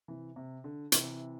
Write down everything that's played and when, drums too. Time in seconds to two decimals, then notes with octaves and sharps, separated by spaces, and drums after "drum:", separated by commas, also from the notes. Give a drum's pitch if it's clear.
0.08 C3 E3
0.36 C3
0.64 D3
0.92 C3 E3, drum: hi-hat